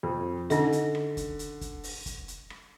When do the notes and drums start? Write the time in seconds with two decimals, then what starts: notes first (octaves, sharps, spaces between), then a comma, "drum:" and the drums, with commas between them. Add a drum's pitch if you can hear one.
0.03 F2
0.50 D3 C#4 D#4 D#5, drum: hi-hat
0.72 drum: hi-hat
0.95 drum: rim click
1.17 drum: kick, hi-hat
1.39 drum: hi-hat
1.61 drum: kick, hi-hat
1.84 drum: open hi-hat
2.06 drum: kick, hi-hat
2.28 drum: hi-hat
2.50 drum: rim click